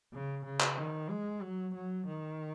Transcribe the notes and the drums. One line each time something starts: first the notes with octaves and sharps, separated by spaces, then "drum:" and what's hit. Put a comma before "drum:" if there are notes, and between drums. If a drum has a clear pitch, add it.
C#3
C#3
drum: clap
D#3
G#3
F#3
F#3
D#3